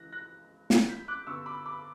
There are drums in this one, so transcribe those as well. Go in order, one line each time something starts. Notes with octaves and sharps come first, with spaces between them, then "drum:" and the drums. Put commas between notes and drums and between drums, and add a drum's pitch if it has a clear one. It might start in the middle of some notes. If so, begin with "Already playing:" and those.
Already playing: C#2 C#3 E3 F#6 A#6
F#6 A#6
drum: snare
G6 B6
D6 F#6
G2 D3 G3 B3 C#6 E6
B5 D6
B5 D6